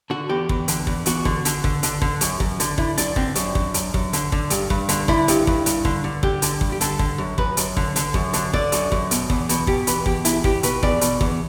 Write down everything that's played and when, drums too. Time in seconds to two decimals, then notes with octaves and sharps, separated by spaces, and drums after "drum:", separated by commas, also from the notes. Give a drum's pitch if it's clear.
0.10 D3 F#4
0.29 E2 G4
0.49 E2, drum: kick
0.68 D3, drum: hi-hat
0.87 E2, drum: kick
1.06 E2 F#4, drum: hi-hat
1.25 D3, drum: kick
1.45 D3, drum: hi-hat
1.64 D3, drum: kick
1.83 D3, drum: hi-hat
2.02 D3, drum: kick
2.21 F#2, drum: hi-hat
2.40 F#2, drum: kick
2.60 D3, drum: hi-hat
2.78 D3 E4, drum: kick
2.98 F#2 D4, drum: hi-hat
3.16 D3 C4, drum: kick
3.35 F#2 D4, drum: hi-hat
3.55 F#2, drum: kick
3.74 F#2, drum: hi-hat
3.94 F#2, drum: kick
4.13 D3, drum: hi-hat
4.32 D3, drum: kick
4.50 G2, drum: hi-hat
4.70 G2, drum: kick
4.89 D3, drum: hi-hat
5.08 D3 E4, drum: kick
5.28 G2, drum: hi-hat
5.47 G2, drum: kick
5.66 G2, drum: hi-hat
5.85 D3, drum: kick
6.04 D3
6.23 D3 G4, drum: kick
6.42 D3, drum: hi-hat
6.61 G2, drum: kick
6.72 G4
6.81 D3 A4, drum: hi-hat
6.99 D3, drum: kick
7.18 F#2
7.38 F#2 B4, drum: kick
7.57 F#2, drum: hi-hat
7.77 D3, drum: kick
7.96 D3, drum: hi-hat
8.14 F#2, drum: kick
8.33 D3, drum: hi-hat
8.53 D3 D5, drum: kick
8.72 F#2, drum: hi-hat
8.92 F#2, drum: kick
9.11 B2, drum: hi-hat
9.30 E2, drum: kick
9.49 B2, drum: hi-hat
9.67 B2 G4, drum: kick
9.87 E2 B4, drum: hi-hat
10.06 B2 G4, drum: kick
10.25 E2 E4, drum: hi-hat
10.44 E2 G4, drum: kick
10.63 B2 B4, drum: hi-hat
10.83 E2 D5, drum: kick
11.01 B2, drum: hi-hat
11.21 E2, drum: kick